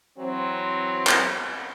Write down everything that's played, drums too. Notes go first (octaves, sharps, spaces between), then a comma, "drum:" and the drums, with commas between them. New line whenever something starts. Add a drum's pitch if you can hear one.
E3 F#3 C4
drum: clap